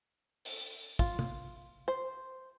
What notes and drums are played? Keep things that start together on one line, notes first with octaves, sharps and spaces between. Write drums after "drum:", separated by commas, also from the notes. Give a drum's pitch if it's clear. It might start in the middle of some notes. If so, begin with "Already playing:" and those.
drum: open hi-hat
F4, drum: kick
drum: tom
C5